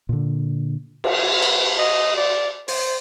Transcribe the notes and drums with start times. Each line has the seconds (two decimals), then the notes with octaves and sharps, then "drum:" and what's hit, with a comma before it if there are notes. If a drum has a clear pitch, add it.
0.09 A#2 D3
1.04 drum: cymbal
1.42 B4, drum: cymbal
1.79 D#5
2.17 D5
2.68 C5, drum: open hi-hat